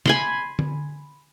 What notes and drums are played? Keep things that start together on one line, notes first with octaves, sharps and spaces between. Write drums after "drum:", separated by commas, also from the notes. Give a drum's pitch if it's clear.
G#5 B5 C6, drum: snare
drum: tom D3